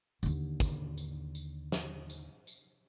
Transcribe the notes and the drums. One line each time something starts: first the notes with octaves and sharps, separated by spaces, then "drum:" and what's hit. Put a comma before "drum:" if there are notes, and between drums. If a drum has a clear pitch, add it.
D#2 D3, drum: tambourine
drum: kick, tambourine
drum: tambourine
drum: tambourine
drum: snare
drum: tambourine
drum: tambourine